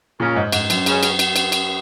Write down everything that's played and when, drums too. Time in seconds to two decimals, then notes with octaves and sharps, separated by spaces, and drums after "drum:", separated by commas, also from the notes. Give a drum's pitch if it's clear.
0.20 A#2 C#3 G#3 C#4 F4 A#4
0.36 G#2
0.52 G#2, drum: cymbal
0.70 F#2, drum: cymbal
0.86 C#3 G#3 C#4, drum: cymbal
1.03 drum: cymbal
1.19 drum: cymbal
1.36 drum: cymbal
1.52 drum: cymbal